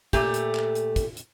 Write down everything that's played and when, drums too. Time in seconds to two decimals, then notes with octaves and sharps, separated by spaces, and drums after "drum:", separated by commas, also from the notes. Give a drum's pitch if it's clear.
0.13 A#2 A3 G4, drum: kick, hi-hat
0.34 drum: hi-hat
0.55 drum: clap
0.75 drum: hi-hat
0.96 drum: kick, hi-hat
1.17 drum: hi-hat